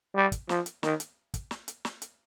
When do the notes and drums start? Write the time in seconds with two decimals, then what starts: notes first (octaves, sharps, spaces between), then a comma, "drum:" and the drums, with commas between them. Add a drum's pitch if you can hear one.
0.15 G3
0.32 drum: kick, hi-hat
0.49 F3, drum: snare
0.66 drum: hi-hat
0.83 D#3, drum: snare
1.00 drum: hi-hat
1.34 drum: kick, hi-hat
1.51 drum: snare
1.68 drum: hi-hat
1.85 drum: snare
2.02 drum: hi-hat